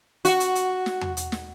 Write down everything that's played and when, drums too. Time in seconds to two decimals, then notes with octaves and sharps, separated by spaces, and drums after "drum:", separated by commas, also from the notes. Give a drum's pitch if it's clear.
0.25 F#4, drum: hi-hat
0.40 drum: hi-hat
0.55 drum: hi-hat
0.86 drum: snare
1.01 drum: tom E2
1.17 drum: hi-hat
1.32 drum: snare